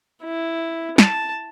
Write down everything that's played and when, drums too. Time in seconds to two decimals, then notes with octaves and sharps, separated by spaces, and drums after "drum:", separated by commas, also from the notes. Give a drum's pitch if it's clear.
0.24 E4
0.98 A5, drum: snare